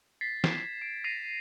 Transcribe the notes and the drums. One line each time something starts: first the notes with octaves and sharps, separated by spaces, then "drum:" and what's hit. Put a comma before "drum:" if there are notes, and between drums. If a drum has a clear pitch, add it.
A6 B6 C7
G#6 E7, drum: snare
D7
G#6 A#6 C7 D#7 F7